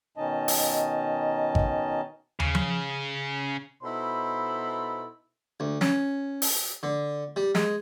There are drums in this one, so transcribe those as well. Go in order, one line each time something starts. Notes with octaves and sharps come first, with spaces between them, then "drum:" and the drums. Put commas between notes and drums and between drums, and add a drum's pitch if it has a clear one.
B2 D#3 C#4 D#4 D#5 A5
drum: open hi-hat
drum: kick G#1
C#3, drum: tom
drum: tom F3
B2 D#4 E4 A4 C5 B5
D2
C#4, drum: snare
drum: open hi-hat
D3
G3
G#3, drum: snare